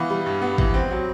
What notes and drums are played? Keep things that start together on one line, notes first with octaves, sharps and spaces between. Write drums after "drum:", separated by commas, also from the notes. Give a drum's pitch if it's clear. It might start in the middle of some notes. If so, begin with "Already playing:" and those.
Already playing: E3 B3 F5
G3
G2
B3
E3, drum: kick G#1
C4
F#3